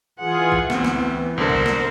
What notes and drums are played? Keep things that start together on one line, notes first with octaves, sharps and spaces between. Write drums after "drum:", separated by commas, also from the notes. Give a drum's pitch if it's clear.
E3 F4 G#4 F#5
drum: kick
D2 E3 B3 C4, drum: snare
drum: snare
C2 D3 A#4 C5
drum: kick
drum: snare